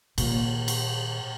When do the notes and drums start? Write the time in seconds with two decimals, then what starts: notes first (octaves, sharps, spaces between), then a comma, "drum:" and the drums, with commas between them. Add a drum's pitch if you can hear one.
0.18 A#2 D#3, drum: cymbal
0.68 drum: cymbal